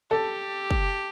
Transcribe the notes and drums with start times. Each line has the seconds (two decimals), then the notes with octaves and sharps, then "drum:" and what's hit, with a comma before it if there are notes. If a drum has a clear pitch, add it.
0.10 G4 A4
0.71 drum: kick